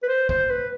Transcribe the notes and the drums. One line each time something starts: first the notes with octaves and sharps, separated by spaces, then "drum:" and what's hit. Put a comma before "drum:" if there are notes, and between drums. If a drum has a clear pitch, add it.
B4
C5
C5, drum: kick
B4